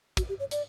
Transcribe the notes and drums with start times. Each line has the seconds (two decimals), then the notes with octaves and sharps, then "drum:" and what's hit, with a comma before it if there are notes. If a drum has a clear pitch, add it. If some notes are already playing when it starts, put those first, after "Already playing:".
0.17 F#4, drum: kick, hi-hat
0.29 G4
0.40 C#5
0.51 D5, drum: hi-hat